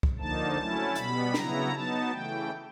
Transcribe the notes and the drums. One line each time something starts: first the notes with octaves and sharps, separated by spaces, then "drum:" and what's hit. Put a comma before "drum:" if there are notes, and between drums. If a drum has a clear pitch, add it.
drum: kick C2
D3 F3 A#3 D#4 A5
F#3 A3 C#4 E4
B2 G3 B3 B5, drum: hi-hat
C#3 F#3 B3 E4 A#5, drum: snare
F#3 B3 D#4 A5
C#3 E3 A3 G5